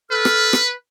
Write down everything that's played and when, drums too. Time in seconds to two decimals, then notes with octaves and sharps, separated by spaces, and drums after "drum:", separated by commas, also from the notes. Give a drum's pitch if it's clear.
0.11 A4 B4 F6
0.25 drum: rim click
0.53 drum: rim click